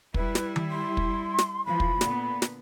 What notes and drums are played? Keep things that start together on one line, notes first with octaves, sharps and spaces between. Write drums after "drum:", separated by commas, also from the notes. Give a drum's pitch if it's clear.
G3 E4 B4, drum: kick
drum: snare
drum: tom D#3
C6
drum: kick
drum: snare
E3 F3 B5
drum: kick
A#2 D3 B3, drum: snare
drum: snare